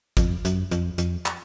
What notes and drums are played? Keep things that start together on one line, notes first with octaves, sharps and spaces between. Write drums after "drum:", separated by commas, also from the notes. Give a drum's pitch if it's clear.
F2, drum: kick, hi-hat
F#2, drum: hi-hat
F2, drum: hi-hat
F2, drum: hi-hat
drum: clap